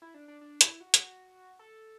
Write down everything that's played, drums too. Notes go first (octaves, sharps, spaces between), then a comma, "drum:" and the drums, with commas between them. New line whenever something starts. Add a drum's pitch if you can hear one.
E4
D4
D4
D4
E4, drum: hi-hat
F#4
drum: hi-hat
A4